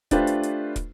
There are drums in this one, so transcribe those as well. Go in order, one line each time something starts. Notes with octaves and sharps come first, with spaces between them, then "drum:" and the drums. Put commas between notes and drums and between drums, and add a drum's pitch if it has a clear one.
A3 D4 F4 G4 B4 C5, drum: kick, hi-hat
drum: hi-hat
drum: hi-hat
drum: kick, hi-hat